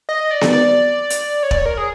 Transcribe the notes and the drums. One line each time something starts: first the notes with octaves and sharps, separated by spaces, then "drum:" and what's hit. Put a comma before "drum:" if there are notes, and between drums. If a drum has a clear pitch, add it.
D#5
D5
drum: snare B3
D5
drum: hi-hat
C#5
D5, drum: kick
C#5
A#4
G#4